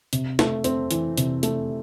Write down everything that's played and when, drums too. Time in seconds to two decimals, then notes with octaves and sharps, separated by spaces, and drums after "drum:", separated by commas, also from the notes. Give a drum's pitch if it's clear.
0.13 C3, drum: hi-hat
0.39 A3, drum: snare
0.64 C4, drum: hi-hat
0.91 E3, drum: hi-hat
1.17 C3, drum: hi-hat
1.43 A3, drum: hi-hat